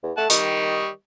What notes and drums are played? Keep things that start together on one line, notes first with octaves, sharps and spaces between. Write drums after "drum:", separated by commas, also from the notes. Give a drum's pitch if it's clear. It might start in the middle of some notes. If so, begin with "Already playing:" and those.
E2
A3 F#5 A5
D#3 G3 D#5 C#6, drum: hi-hat